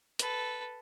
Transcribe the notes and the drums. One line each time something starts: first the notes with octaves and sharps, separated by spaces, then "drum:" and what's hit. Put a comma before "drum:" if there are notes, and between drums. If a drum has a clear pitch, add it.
A4 B4, drum: hi-hat